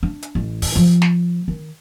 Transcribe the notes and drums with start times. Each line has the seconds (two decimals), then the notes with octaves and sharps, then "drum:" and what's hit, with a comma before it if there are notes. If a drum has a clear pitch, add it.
0.03 D4
0.22 drum: hi-hat
0.35 A1
0.62 drum: kick, open hi-hat
0.75 F3
1.02 drum: snare
1.48 D#3